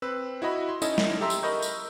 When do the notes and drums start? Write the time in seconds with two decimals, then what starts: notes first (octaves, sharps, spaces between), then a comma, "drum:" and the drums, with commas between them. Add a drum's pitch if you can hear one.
0.02 C4 B4 E6
0.42 E4 F#4 D#5 B5
0.69 C6
0.82 C#4 D#4 E4 A4 D#5, drum: tambourine
0.98 drum: snare
1.21 G4 A4 E5 A#5 C6 E6
1.30 drum: tambourine
1.43 A#4 D#5 B5 C#6 G6
1.62 drum: tambourine